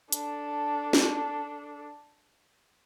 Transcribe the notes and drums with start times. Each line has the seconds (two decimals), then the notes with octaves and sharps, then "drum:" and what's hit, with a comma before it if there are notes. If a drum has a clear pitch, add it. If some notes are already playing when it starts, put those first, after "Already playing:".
0.12 D4 A4, drum: hi-hat
0.93 drum: snare